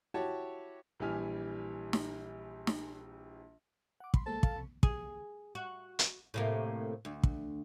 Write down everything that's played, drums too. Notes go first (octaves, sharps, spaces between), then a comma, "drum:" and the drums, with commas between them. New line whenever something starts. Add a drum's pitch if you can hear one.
E4 F#4 G4 C#5 A5
A#1 E3 G3 G4 G#5 F6
drum: snare
drum: snare
F#5 D6
B5 C6, drum: kick
G#3 A#3 A4 C5
F5, drum: kick
C2 C3
G#4, drum: kick
F#4
drum: hi-hat
A2 C3 A#3
D2
drum: kick